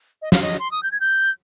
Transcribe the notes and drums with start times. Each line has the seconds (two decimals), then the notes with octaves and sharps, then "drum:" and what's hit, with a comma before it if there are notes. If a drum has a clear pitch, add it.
0.22 D#5
0.32 F5, drum: snare
0.42 D#5
0.59 C6
0.71 D#6
0.83 G6
0.92 G#6
1.00 G6